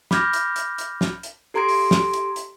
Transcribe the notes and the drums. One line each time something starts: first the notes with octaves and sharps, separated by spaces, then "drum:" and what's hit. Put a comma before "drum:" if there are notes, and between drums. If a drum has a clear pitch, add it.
B5 D6 F6 G6 G#6 A#6, drum: snare
drum: hi-hat
drum: hi-hat
drum: hi-hat
drum: snare
drum: hi-hat
G4 A4 A#5 C6 G#6 D7
drum: open hi-hat
drum: snare
drum: hi-hat
drum: hi-hat